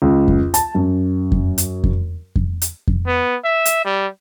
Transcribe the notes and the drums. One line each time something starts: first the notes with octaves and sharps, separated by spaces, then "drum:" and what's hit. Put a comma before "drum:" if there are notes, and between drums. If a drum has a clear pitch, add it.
C#2
drum: kick F2
A5, drum: hi-hat
F#2
drum: kick F2
drum: hi-hat
drum: kick F2
drum: kick F2
drum: hi-hat
drum: kick F2
B3
E5
drum: hi-hat
G3